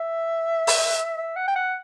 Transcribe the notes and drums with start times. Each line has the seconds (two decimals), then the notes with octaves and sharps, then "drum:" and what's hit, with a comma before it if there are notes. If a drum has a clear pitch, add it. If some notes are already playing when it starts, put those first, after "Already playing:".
Already playing: E5
0.67 drum: open hi-hat
1.17 E5
1.36 F#5
1.48 G5
1.56 F#5